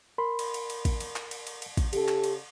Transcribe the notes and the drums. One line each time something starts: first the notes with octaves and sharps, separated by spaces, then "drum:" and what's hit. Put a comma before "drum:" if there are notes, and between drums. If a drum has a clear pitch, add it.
A#4 B5 C6
drum: cymbal
drum: cymbal
drum: cymbal
drum: kick, cymbal
drum: cymbal
drum: clap
drum: cymbal
drum: cymbal
drum: cymbal
drum: kick, cymbal
C#3 G4 A4, drum: cymbal
drum: clap
drum: cymbal